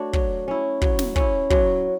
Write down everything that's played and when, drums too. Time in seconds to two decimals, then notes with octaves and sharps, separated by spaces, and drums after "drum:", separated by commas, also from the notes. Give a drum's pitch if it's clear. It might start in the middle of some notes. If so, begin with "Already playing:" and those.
Already playing: A3 D4 F#4 C#5
0.13 F#3, drum: kick
0.48 C#4 E4
0.82 F#3, drum: kick
0.99 drum: snare
1.16 C#4 E4, drum: kick
1.50 F#3, drum: kick